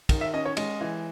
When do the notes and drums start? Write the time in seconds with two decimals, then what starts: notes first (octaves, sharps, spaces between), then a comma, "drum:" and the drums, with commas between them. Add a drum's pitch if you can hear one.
0.09 D#3, drum: kick, cymbal
0.21 E5
0.34 C#4 D#5
0.45 C#5
0.57 G#3 D#5, drum: cymbal
0.81 E3